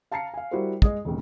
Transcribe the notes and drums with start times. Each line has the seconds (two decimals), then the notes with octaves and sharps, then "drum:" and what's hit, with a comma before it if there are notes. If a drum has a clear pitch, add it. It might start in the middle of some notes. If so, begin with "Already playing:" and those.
0.11 F5 A5 A#5 C7 C#7
0.34 F5 G#5
0.51 G3 E4 F#4 G4 A#4 C5
0.82 G#3 G#4 D#5, drum: kick
1.05 E1 A1 D#2